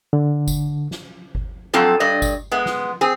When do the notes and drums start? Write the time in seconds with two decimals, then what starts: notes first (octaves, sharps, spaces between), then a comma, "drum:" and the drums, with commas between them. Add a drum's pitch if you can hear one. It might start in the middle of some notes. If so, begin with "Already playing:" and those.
0.13 D3
0.48 drum: kick G1, tambourine
0.91 drum: snare
1.35 drum: kick G1
1.74 F2 F#3 C4 F4 A4
2.00 G2 D5 D#5
2.22 drum: kick G1, tambourine
2.52 G#3 B3
2.66 drum: snare
3.01 C4 G#4